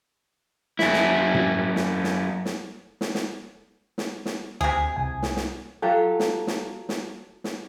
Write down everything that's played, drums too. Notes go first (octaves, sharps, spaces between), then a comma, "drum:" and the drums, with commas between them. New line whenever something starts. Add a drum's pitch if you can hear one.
F#2 E4, drum: snare
drum: snare
drum: tom
drum: snare
drum: snare
drum: snare
drum: snare
drum: snare
drum: snare
drum: snare
D2 C3 G#4 G#5
C2 G#5
drum: snare
drum: snare
F#3 F4 G4 A4
drum: snare
drum: snare
drum: snare
drum: snare